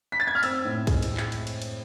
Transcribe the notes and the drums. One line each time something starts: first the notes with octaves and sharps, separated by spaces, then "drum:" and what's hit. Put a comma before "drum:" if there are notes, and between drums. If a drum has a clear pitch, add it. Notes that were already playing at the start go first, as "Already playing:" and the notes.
B6
A6
G#6
F6
C4 E6, drum: cymbal
A2
G#3, drum: kick C2, cymbal
drum: cymbal
drum: clap
drum: cymbal
drum: cymbal
drum: cymbal